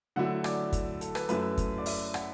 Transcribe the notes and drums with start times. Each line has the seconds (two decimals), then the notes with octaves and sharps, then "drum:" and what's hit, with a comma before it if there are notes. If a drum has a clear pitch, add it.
0.16 D3 F#3 A3 E4 F#5
0.44 D5, drum: rim click
0.72 drum: kick, hi-hat
1.01 A4, drum: hi-hat
1.15 B4, drum: rim click
1.29 F#2 F#3 A3 E4 B4, drum: hi-hat
1.57 drum: kick, hi-hat
1.78 D5
1.86 E5, drum: open hi-hat
2.14 F#5, drum: rim click